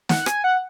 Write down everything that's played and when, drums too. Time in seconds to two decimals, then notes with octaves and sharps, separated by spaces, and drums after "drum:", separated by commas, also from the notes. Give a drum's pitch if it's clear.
0.09 F#5, drum: snare
0.26 G#5, drum: rim click
0.44 F#5